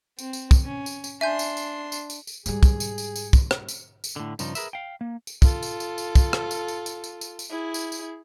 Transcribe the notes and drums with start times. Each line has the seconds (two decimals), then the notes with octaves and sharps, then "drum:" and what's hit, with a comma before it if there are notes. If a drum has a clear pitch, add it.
0.19 C4, drum: tambourine
0.33 drum: tambourine
0.51 drum: kick, tambourine
0.65 C#4
0.86 drum: tambourine
1.04 drum: tambourine
1.21 D4 E5 G#5 C6 G6
1.39 drum: tambourine
1.57 drum: tambourine
1.92 drum: tambourine
2.10 drum: tambourine
2.27 drum: tambourine
2.46 G#2 G3 G#4, drum: tambourine
2.63 drum: kick, tambourine
2.80 drum: tambourine
2.98 drum: tambourine
3.16 drum: tambourine
3.33 drum: kick, tambourine
3.51 drum: rim click
3.68 drum: tambourine
4.04 drum: tambourine
4.16 A2 D3
4.39 G2 C#3 F3 D#4, drum: tambourine
4.55 G#4 A#4 B4 E5, drum: tambourine
4.73 F5 G5
5.01 A#3
5.27 drum: tambourine
5.42 F4 A4, drum: kick, tambourine
5.63 drum: tambourine
5.80 drum: tambourine
5.98 drum: tambourine
6.15 drum: kick, tambourine
6.33 drum: rim click
6.51 drum: tambourine
6.68 drum: tambourine
6.86 drum: tambourine
7.04 drum: tambourine
7.21 drum: tambourine
7.39 drum: tambourine
7.50 E4 G#4
7.74 drum: tambourine
7.92 drum: tambourine